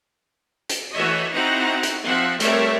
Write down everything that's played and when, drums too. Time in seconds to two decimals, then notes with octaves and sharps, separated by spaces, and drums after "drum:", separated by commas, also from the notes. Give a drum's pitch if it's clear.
0.69 drum: hi-hat
0.93 E3 A3 F#4 C#5 D#5 E5
1.31 C4 D#4 E4 F#4 F#5 A#5
1.83 drum: hi-hat
2.05 F3 C4 E5 F#5
2.40 G3 A3 C4 A#4 C#5 E5, drum: hi-hat